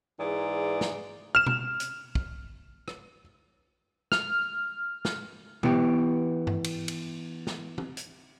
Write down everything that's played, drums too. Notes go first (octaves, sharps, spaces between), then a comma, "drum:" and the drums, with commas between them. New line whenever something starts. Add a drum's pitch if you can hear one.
G#2 E3 G#4 D5
drum: snare
F6 E7
drum: tom B2
drum: hi-hat
drum: kick
drum: rim click
F6, drum: snare
drum: snare
E3 B3 G4, drum: tom B2
drum: tom G2
drum: cymbal
drum: cymbal
drum: snare
drum: tom
drum: hi-hat